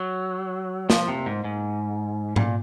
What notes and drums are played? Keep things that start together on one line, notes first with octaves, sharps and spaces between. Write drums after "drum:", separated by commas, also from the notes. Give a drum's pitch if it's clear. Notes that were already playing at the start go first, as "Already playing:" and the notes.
Already playing: F#3
F3, drum: snare
C3
G#2
G#2
A#2, drum: tom G#2